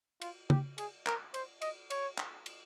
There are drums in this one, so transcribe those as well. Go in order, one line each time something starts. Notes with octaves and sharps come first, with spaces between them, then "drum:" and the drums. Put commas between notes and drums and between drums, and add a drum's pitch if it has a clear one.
F4, drum: cymbal
G4, drum: tom
G#4, drum: cymbal
A#4, drum: clap
C5, drum: cymbal
D#5, drum: cymbal
C#5, drum: cymbal
drum: clap
drum: cymbal